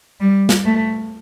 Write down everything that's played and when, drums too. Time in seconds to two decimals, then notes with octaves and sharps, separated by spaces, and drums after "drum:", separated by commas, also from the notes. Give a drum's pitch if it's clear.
0.20 G3
0.49 drum: snare
0.66 A3